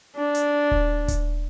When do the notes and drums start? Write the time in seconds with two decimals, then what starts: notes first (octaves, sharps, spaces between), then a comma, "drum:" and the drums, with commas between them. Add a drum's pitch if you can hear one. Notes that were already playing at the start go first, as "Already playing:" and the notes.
0.16 D4
0.35 drum: hi-hat
0.71 drum: kick D#1
1.08 drum: kick D#1, hi-hat